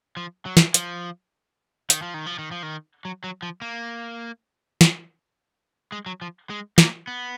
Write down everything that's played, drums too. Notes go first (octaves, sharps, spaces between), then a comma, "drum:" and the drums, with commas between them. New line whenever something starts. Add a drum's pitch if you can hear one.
F3
F#3
drum: snare
F3, drum: hi-hat
D#3, drum: hi-hat
F3
D#3
F3
D#3
F3
D#3
F#3
F#3
F3
A#3
drum: snare
G#3
F#3
F3
G#3
A#3, drum: snare
B3